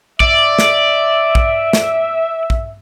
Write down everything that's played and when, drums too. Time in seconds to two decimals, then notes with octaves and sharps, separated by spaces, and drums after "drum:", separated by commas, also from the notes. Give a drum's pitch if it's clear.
0.20 D5 E5, drum: kick
0.59 drum: snare
1.35 drum: kick
1.73 drum: snare
2.50 drum: kick